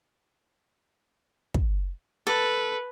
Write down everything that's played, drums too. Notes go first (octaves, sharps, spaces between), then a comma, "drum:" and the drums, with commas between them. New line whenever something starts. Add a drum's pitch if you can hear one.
drum: kick
A4 B4